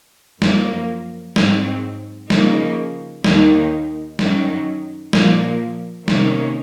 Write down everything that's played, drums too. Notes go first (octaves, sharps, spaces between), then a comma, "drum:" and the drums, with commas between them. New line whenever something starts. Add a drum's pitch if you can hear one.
F#2 F3 A#3, drum: snare
G#2 F#3 C4, drum: snare
C#3 F3 A#3 D#4, drum: snare
D#2 D#3 A#3 D#4, drum: snare
F#2 D#3 F#3 C#4, drum: snare
A#2 F3 A#3, drum: snare
C3 D#3 A#3 C#4, drum: snare